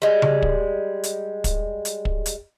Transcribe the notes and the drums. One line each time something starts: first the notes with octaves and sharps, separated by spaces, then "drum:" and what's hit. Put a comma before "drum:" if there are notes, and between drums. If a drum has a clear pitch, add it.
G3 G#3
drum: tom C#3
drum: kick
drum: hi-hat
drum: kick, hi-hat
drum: hi-hat
drum: kick
drum: hi-hat